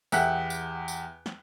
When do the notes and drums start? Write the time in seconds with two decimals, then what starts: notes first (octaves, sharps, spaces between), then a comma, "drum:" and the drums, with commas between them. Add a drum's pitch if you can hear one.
0.12 E2 G4 E5 F#5 F#6 B6, drum: tambourine
0.50 drum: tambourine
0.88 drum: tambourine
1.26 drum: snare